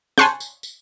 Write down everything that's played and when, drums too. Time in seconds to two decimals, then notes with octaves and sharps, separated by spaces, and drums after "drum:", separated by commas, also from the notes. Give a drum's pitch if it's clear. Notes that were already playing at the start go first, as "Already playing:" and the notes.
0.18 G#5 A5 C6 C#6 F#6 G6, drum: snare
0.40 drum: tambourine
0.63 drum: tambourine